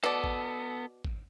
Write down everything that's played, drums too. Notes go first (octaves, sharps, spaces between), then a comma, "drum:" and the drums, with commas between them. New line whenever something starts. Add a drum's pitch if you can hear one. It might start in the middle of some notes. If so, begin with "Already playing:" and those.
B2 B3 A4 D5
drum: kick
drum: kick